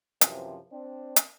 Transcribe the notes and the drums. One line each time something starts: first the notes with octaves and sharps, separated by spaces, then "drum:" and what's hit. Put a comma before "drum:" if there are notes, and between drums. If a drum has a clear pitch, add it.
F#2 C3 E3 F3, drum: hi-hat
C4 D4
drum: hi-hat